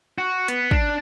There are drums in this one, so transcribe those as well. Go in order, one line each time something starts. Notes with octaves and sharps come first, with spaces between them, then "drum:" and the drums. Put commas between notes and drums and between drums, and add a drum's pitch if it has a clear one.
F#4
B3, drum: hi-hat
D4, drum: kick